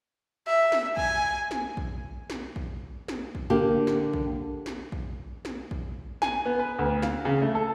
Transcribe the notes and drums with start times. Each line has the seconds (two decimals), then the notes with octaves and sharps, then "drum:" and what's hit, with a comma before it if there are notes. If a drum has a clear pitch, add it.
0.47 E5
0.72 drum: snare
0.97 G#5, drum: kick A#1
1.51 drum: snare
1.77 drum: kick A#1
2.30 drum: snare
2.56 drum: kick A#1
3.08 drum: snare
3.35 drum: kick A#1
3.50 D3 A#3 G4
3.87 drum: snare
4.13 drum: kick A#1
4.66 drum: snare
4.92 drum: kick A#1
5.45 drum: snare
5.71 drum: kick A#1
6.22 G#5, drum: snare
6.45 B3
6.59 B4
6.79 D2
7.02 F5, drum: snare
7.25 C#3
7.42 A3
7.55 A4